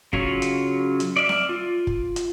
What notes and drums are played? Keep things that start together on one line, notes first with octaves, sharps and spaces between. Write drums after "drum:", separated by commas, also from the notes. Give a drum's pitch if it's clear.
C#3 F#3 F4 C#5, drum: kick
drum: hi-hat
drum: hi-hat
D5 E5 F6
drum: snare C4
F4
drum: kick
drum: hi-hat